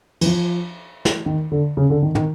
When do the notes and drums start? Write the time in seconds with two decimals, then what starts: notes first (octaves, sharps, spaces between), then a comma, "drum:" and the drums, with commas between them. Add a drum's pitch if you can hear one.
0.21 E3, drum: cymbal
0.26 F3
1.05 drum: snare
1.26 D#3
1.52 D3
1.77 C#3
1.90 D3
2.02 D#3
2.15 D#3, drum: tom